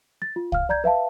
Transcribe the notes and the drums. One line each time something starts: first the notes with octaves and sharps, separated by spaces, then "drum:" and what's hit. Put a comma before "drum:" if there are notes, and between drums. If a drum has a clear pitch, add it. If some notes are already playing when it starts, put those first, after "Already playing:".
A6
F4
F5 F6, drum: kick C2
D5 A#5 G6 G#6
B4 E5 F5 A5